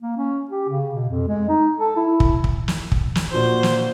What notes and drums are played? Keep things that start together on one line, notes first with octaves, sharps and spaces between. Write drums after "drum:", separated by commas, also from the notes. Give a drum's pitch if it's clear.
A#3
C#4
G4
C#3
B2
F2
G#3
D#4
A4
E4
drum: kick
drum: kick
drum: snare
drum: kick
drum: snare
A#2 F3 D4 F#4 C5
drum: snare